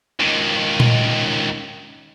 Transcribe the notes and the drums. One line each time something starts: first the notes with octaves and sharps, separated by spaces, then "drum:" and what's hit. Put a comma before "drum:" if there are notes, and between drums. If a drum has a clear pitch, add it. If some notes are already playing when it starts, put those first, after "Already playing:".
C#2 D#3
drum: tom A#2